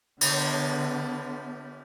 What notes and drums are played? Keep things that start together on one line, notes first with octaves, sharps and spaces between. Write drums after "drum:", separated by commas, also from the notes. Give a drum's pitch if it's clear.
D3 B3, drum: cymbal